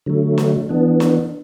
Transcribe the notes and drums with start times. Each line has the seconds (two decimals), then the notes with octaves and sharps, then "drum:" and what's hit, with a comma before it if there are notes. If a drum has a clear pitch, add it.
0.06 D3 F#3 A3
0.38 drum: snare
0.69 E3 B3 D4
1.00 drum: snare